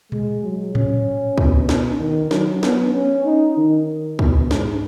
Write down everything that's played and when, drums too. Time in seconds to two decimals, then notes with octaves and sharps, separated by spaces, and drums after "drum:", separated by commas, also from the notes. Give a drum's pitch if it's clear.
0.12 G#3, drum: tom A#2
0.44 F#3
0.75 C#4, drum: tom A2
1.38 B2, drum: kick
1.69 drum: snare
2.00 D#3
2.31 F#3, drum: snare
2.63 B3, drum: snare
2.94 C#4
3.25 D#4
3.57 D#3
4.19 B2, drum: kick
4.51 G#2, drum: snare